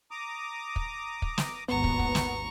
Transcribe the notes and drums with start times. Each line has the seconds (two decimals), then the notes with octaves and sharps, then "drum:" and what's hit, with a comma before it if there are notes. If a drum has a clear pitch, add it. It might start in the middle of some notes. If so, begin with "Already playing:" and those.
0.11 A#5 D6 D#6
0.76 drum: kick
1.22 drum: kick
1.38 drum: snare
1.68 G#1 D#2 B3 A#5 C#6
1.84 drum: kick
1.99 drum: kick
2.15 drum: snare